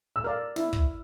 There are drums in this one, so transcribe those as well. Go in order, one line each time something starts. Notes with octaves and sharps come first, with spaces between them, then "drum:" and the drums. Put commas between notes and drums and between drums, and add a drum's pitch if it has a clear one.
E6
A#4 D5 F5 F6
E4, drum: snare
drum: kick